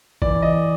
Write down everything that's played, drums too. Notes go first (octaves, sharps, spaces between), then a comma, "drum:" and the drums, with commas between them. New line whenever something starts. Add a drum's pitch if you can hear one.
E3 D5, drum: kick G#1
E3 D#5